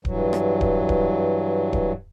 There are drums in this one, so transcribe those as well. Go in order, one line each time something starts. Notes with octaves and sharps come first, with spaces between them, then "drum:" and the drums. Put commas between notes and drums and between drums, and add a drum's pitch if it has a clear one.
G2 E3 F#3, drum: kick D1
drum: rim click
drum: kick D1
drum: kick D1
drum: kick D1